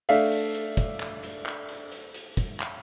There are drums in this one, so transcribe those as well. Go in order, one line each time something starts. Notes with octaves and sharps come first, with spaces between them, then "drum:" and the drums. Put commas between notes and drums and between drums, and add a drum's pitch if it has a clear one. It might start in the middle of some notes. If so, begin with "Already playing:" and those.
A3 D4 E5 F5, drum: open hi-hat
drum: open hi-hat
drum: hi-hat
drum: kick, hi-hat
drum: clap
drum: hi-hat
drum: clap
drum: hi-hat
drum: hi-hat
drum: hi-hat
drum: kick, hi-hat
drum: clap